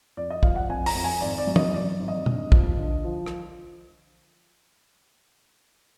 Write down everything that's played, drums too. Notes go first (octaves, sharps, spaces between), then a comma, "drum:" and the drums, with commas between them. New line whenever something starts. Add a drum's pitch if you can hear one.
F2 D5
D#5
F3 F5, drum: kick
F#5
F2 G#5
A#5, drum: open hi-hat
F2
G#5
G#1 D5
D5
F#2
D#5, drum: tom
F#2 D5
G#1
D#5
D3, drum: tom
F3, drum: kick
D3
F3
drum: rim click